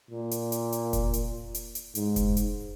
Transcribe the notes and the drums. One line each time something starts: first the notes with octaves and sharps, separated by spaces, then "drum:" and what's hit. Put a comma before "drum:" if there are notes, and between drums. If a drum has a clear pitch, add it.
A#2
drum: hi-hat
drum: hi-hat
drum: hi-hat
drum: kick F1, hi-hat
drum: hi-hat
drum: hi-hat
drum: hi-hat
G#2, drum: hi-hat
drum: kick F1, hi-hat
drum: hi-hat